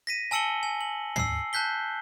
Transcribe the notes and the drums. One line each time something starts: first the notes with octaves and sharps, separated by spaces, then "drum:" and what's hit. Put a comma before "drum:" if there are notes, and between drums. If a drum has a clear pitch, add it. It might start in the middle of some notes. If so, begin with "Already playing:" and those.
A#6 B6 D#7
G#5 A5 E6 C#7 F#7 G7
G#5
F#7
E6 C7, drum: tom
A5 F#6 G6 B6 G7